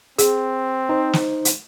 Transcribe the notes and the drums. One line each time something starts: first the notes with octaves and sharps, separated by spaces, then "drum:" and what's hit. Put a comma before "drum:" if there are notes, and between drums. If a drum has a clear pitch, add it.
C4 G#4, drum: hi-hat
D#4 C5
drum: snare
drum: hi-hat